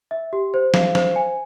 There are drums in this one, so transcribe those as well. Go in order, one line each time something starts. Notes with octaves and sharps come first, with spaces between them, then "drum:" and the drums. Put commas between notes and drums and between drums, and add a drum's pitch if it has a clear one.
E5
G4
C5
F5, drum: snare
C5, drum: snare
G#5